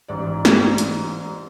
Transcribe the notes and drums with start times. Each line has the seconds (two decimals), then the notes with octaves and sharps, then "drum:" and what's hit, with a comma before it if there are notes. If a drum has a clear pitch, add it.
0.08 A1 G#2 D5
0.45 drum: snare
0.78 drum: hi-hat